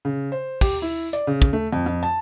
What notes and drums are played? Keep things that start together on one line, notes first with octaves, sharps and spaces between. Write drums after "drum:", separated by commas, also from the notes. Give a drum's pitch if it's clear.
C#3
C5
G4, drum: kick, open hi-hat
E4
D5, drum: hi-hat
C#3
drum: kick
A3
F2
F2
A5